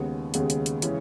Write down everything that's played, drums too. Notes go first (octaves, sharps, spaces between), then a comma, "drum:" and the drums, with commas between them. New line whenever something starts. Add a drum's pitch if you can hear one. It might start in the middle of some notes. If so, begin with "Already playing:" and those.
Already playing: D#2 C#3 G#3 B3
D#2 C#3 G#3 B3, drum: hi-hat
drum: hi-hat
drum: hi-hat
C#3 E3 G#3 C#4, drum: hi-hat